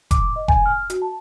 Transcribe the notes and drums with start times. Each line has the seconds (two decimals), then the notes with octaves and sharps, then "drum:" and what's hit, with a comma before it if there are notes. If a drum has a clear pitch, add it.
0.11 D6, drum: kick F1, hi-hat
0.36 D#5
0.48 G#5, drum: kick F1
0.66 F6
0.90 F#4, drum: hi-hat
1.02 A5